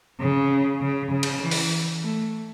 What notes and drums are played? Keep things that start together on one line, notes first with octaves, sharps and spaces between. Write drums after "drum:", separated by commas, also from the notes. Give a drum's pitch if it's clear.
C#3
C#3
C#3
drum: cymbal
E3
drum: open hi-hat
A3